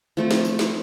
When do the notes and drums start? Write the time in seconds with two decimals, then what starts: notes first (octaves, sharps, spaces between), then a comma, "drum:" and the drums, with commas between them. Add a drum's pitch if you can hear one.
0.17 F3 A3 C4
0.31 drum: snare
0.45 drum: tambourine
0.59 drum: snare